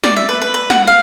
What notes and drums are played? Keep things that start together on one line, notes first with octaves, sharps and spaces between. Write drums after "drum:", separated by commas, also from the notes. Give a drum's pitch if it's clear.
D5, drum: snare
E5
B4
B4
B4
F#5, drum: snare
F5